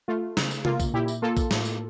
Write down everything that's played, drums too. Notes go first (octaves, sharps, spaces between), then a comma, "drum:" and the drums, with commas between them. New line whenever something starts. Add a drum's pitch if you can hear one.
A3 F4
C#3, drum: snare
drum: tambourine
A#3 F4, drum: tom C3
drum: kick A#1, tambourine
A#2 E4 G4
drum: tambourine
A#3 F4 A4
drum: kick A#1, tambourine
A2, drum: snare
drum: tambourine